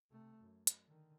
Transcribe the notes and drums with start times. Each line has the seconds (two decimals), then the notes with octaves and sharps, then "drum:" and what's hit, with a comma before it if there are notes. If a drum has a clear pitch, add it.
0.10 C3 A3
0.40 F#2
0.67 drum: hi-hat
0.85 D3 D#3